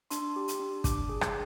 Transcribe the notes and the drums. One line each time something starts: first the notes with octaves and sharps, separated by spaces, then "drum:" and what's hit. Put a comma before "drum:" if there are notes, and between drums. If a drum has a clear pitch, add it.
D4 C6, drum: hi-hat
G4
drum: hi-hat
D4
D4 D6, drum: kick, hi-hat
G#4
drum: rim click